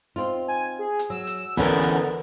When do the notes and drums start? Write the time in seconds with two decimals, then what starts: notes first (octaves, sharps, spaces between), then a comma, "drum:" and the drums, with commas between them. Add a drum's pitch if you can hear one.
0.16 C4 D#4 F4
0.48 G#5
0.79 G#4
0.99 drum: hi-hat
1.10 F#3 E6
1.27 drum: hi-hat
1.57 D3 E3 B3 C#4 A#4 B4, drum: kick, hi-hat
1.82 drum: hi-hat